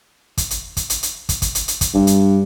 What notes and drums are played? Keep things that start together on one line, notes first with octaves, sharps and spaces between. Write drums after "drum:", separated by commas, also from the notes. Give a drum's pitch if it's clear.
drum: kick, hi-hat
drum: hi-hat
drum: kick, hi-hat
drum: hi-hat
drum: hi-hat
drum: kick, hi-hat
drum: kick, hi-hat
drum: hi-hat
drum: hi-hat
drum: kick, hi-hat
G2
drum: hi-hat